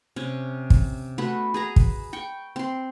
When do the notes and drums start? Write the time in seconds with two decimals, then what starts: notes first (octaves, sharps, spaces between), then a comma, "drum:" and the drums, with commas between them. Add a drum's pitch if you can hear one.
0.16 C3 C#4
0.70 drum: kick
1.18 A3 B3 F#4 B5
1.54 G#4 B4 A#5
1.76 drum: kick
2.13 G5 C#6
2.56 C4 C6